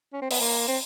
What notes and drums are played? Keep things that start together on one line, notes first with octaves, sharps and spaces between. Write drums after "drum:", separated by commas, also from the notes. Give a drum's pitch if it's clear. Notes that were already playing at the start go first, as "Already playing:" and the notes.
C#4
C4
B3, drum: open hi-hat
A#3
C4